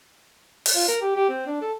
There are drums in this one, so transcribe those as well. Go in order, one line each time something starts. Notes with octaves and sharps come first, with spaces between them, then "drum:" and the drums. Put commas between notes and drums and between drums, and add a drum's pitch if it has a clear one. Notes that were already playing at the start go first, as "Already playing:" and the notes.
drum: open hi-hat
F4
A#4
G4
G4
C4
D4
A4